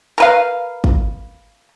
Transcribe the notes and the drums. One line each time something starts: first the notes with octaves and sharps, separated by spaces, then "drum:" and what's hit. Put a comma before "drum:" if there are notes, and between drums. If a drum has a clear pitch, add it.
A#4 B4 F5
drum: kick